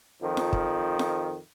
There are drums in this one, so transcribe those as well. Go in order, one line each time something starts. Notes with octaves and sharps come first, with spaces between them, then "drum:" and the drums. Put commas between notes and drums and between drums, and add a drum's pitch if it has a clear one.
F2 D#3 F3
drum: snare F4
drum: kick
drum: snare F4